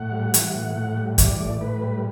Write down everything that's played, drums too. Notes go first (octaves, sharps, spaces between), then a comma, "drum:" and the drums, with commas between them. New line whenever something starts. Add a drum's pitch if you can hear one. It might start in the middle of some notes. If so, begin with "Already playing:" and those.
Already playing: A2 F#5
G3
E3, drum: hi-hat
A2
A2
G3
E3 D5, drum: kick, hi-hat
A2
A2 B4
G3